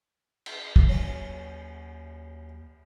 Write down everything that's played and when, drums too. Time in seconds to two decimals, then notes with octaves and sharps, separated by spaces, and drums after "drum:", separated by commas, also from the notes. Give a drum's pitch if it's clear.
0.46 drum: cymbal
0.76 drum: kick
0.89 D#2 F#3 C#4